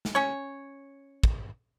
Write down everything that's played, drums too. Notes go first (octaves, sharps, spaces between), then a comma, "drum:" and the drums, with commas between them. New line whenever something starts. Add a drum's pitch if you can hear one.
drum: snare
C#4 C#5
drum: kick